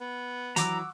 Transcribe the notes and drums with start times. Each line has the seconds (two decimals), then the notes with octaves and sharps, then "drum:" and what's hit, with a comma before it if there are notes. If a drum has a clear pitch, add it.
0.01 B3
0.56 E3 F#3 F#4 A#5 D6 E6, drum: hi-hat